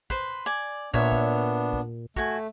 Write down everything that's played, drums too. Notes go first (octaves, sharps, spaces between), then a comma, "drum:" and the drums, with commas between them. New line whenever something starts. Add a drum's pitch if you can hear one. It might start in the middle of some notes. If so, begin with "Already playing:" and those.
B4 C5, drum: kick
D5 G#5
A#2 B3 D4 C#5 E5, drum: kick
drum: kick
drum: kick
A3 F#4 G#5, drum: kick